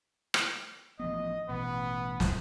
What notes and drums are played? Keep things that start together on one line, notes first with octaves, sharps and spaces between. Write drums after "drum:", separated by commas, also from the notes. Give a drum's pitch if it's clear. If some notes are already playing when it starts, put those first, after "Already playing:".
drum: rim click
A1 F3 B3 D#5
A1 B2 B3
drum: snare